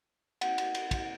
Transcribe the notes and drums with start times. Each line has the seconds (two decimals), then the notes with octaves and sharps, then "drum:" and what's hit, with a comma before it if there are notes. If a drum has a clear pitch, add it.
0.41 F#5, drum: cymbal
0.58 drum: cymbal
0.75 drum: cymbal
0.91 drum: kick, cymbal